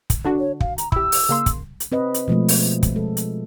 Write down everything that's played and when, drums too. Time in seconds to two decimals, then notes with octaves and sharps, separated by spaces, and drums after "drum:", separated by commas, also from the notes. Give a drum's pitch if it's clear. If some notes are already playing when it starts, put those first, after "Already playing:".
0.10 drum: kick, hi-hat
0.24 D3 D4 F#4
0.39 C#5
0.60 F5, drum: kick
0.78 A#5, drum: hi-hat
0.92 E4 G4 E6, drum: kick
1.12 drum: open hi-hat
1.29 C#3 A#3 C6
1.46 drum: kick, hi-hat
1.80 drum: hi-hat
1.92 C4 B4 D#5
2.14 drum: hi-hat
2.28 B2 F3 G#3 A3
2.48 drum: open hi-hat
2.83 drum: kick, hi-hat
2.96 G#3 A4
3.17 drum: hi-hat